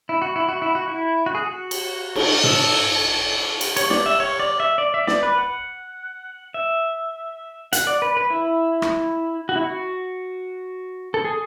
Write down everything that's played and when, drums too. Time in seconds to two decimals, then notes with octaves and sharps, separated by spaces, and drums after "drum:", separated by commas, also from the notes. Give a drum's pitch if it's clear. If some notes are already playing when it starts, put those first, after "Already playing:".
0.09 E4
0.22 F#4
0.36 E4
0.49 F#4
0.62 E4
0.75 F#4
0.88 E4
1.26 F#4
1.35 G#4
1.43 F#4
1.71 drum: cymbal
2.15 drum: cymbal
2.44 A4, drum: tom
3.61 drum: cymbal
3.77 C#5, drum: cymbal
3.90 D5, drum: snare
4.06 E5
4.20 C#5
4.40 D5
4.60 E5
4.78 D5
4.94 E5
5.07 D5, drum: snare
5.23 B4
5.38 F#5
6.54 E5
7.73 F#5, drum: hi-hat
7.87 D5
8.02 B4
8.17 B4
8.30 E4
8.82 drum: rim click
9.49 F#4
9.56 E4
9.63 F#4
11.14 A4
11.24 G#4